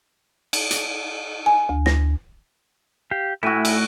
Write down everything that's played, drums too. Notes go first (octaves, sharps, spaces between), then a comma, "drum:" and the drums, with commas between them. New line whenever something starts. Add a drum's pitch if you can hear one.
drum: cymbal
drum: hi-hat
G#5
D2
A#6, drum: snare
G4 F5
A2 E4 F#4 G#5
drum: cymbal